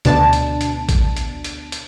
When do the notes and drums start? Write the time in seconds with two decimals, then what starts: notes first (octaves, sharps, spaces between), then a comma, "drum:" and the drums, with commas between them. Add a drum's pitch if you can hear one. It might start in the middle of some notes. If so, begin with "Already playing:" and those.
0.05 D2 B2 D4 A5, drum: hi-hat
0.33 drum: hi-hat
0.61 drum: hi-hat
0.89 drum: kick A1, hi-hat
1.17 drum: hi-hat
1.44 drum: hi-hat
1.72 drum: hi-hat